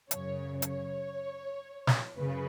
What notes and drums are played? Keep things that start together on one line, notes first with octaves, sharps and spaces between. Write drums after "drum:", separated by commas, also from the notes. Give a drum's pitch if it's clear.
F#2 C#3 C#5, drum: hi-hat
C#5, drum: hi-hat
drum: snare
F#2 C#3 B4